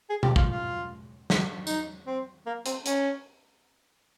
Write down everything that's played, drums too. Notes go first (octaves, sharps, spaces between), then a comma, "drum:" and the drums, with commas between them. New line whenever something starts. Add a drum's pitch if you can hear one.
G#4
G4, drum: tom B2
F4, drum: kick
F4
drum: snare
D#4, drum: tambourine
C4
A#3
C4, drum: hi-hat
C#4, drum: hi-hat